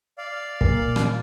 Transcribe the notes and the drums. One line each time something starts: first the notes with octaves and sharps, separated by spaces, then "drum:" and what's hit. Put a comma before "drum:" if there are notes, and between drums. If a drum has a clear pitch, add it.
D5 F5
A#2, drum: kick
drum: rim click